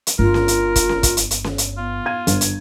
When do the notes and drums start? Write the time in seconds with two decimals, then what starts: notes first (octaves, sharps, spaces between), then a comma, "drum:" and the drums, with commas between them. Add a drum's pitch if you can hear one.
0.07 drum: hi-hat
0.19 G1 F4 A#4
0.34 drum: snare C#4
0.48 drum: hi-hat
0.76 drum: kick, hi-hat
0.89 drum: snare C#4
1.03 drum: kick, hi-hat
1.17 drum: hi-hat
1.31 drum: hi-hat
1.44 drum: snare C#4
1.58 drum: hi-hat
1.77 B3 F4
2.06 F5 G#6 D#7
2.27 G1, drum: hi-hat
2.41 drum: hi-hat